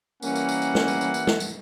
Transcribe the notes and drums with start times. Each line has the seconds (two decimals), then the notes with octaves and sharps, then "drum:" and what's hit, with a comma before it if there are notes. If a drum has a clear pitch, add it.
0.22 E3 G3 A#3 C#4 F#5, drum: tambourine
0.36 drum: tambourine
0.49 drum: tambourine
0.62 drum: tambourine
0.75 drum: snare
0.88 drum: tambourine
1.01 drum: tambourine
1.14 drum: tambourine
1.27 drum: snare
1.40 drum: tambourine